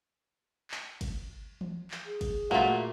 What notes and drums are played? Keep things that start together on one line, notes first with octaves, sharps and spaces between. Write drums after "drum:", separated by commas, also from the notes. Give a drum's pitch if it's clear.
drum: clap
drum: kick, cymbal
drum: tom E3
drum: clap
G#4
drum: kick, cymbal
A#2 A3 A#3 F4 F#4